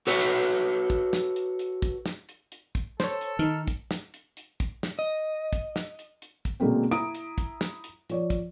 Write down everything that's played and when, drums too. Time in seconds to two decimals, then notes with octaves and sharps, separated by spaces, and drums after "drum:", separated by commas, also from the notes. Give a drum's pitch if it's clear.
0.07 F#4 A4 B4 C#5
0.44 drum: hi-hat
0.90 drum: kick, hi-hat
1.13 drum: snare
1.36 drum: hi-hat
1.59 drum: hi-hat
1.82 drum: kick, hi-hat
2.06 drum: snare
2.29 drum: hi-hat
2.52 drum: hi-hat
2.75 drum: kick, hi-hat
3.00 A4 C5 C#5, drum: snare
3.21 drum: hi-hat
3.39 D#3 D#4 F6
3.68 drum: kick, hi-hat
3.91 drum: snare
4.14 drum: hi-hat
4.37 drum: hi-hat
4.60 drum: kick, hi-hat
4.83 drum: snare
4.99 D#5
5.53 drum: kick, hi-hat
5.76 drum: snare
5.99 drum: hi-hat
6.22 drum: hi-hat
6.45 drum: kick, hi-hat
6.60 B2 D3 F#3 G#3 A#3 C4
6.91 E4 A#5 D#6 D7, drum: hi-hat
7.15 drum: hi-hat
7.38 drum: kick, hi-hat
7.61 drum: snare
7.84 drum: hi-hat
8.10 F3 C#5 D5, drum: hi-hat
8.30 drum: kick, hi-hat